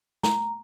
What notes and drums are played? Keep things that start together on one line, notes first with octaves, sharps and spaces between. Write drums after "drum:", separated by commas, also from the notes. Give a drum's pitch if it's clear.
A#5, drum: snare